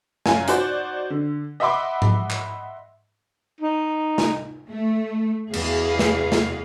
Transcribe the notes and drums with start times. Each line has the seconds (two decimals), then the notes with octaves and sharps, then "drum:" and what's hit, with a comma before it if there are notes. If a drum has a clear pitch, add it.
0.26 F#2 F4 G#5, drum: snare
0.48 D#4 F#4 C5 D5, drum: hi-hat
1.10 D3
1.60 D#5 E5 F#5 B5 C6 D6
2.02 drum: tom G#2
2.30 drum: clap
3.60 D#4
4.18 drum: snare
4.68 A3
5.53 E2 B2 G#4 F5, drum: cymbal
5.99 drum: snare
6.32 drum: snare